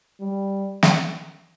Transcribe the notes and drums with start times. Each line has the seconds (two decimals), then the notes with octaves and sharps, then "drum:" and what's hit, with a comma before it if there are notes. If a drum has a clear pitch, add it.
0.20 G3
0.83 drum: snare